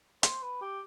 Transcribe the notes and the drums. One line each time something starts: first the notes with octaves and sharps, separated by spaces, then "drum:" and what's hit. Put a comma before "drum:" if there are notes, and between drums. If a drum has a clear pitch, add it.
C5, drum: hi-hat
B4
G4